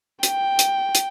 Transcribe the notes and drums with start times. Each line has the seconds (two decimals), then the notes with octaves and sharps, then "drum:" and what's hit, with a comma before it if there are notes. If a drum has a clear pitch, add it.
0.23 G5, drum: hi-hat
0.59 drum: hi-hat
0.95 drum: hi-hat